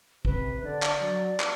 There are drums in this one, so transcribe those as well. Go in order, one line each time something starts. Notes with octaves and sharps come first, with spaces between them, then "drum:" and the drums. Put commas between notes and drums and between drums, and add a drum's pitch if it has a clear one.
C3 B4, drum: kick
D3 D5
drum: clap
F#3
drum: clap